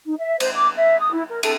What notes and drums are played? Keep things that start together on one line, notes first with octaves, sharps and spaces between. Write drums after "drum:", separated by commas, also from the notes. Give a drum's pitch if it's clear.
D#4
E5
C5, drum: cymbal
D6
E5
D#6
E4
A#4
A4, drum: cymbal